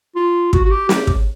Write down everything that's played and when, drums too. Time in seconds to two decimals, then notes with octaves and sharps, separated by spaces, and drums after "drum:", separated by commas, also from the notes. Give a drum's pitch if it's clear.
0.16 F4
0.53 F#4, drum: kick
0.64 F#4
0.70 G4
0.89 G4, drum: snare
1.07 drum: kick